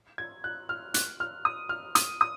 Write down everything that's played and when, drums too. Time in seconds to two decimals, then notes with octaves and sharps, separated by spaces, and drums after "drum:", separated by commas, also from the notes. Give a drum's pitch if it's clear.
0.18 G#6
0.44 F#6
0.69 F6
0.94 F#6, drum: hi-hat
1.20 F6
1.45 D#6
1.69 F6
1.95 D#6, drum: hi-hat
2.21 D#6